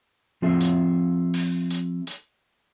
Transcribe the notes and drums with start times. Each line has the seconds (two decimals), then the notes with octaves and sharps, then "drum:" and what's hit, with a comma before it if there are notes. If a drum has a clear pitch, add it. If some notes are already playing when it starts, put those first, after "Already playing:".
0.42 F3 C4 F4 G#4 A4 E5
0.60 drum: hi-hat
1.34 drum: open hi-hat
1.70 drum: hi-hat
2.07 drum: hi-hat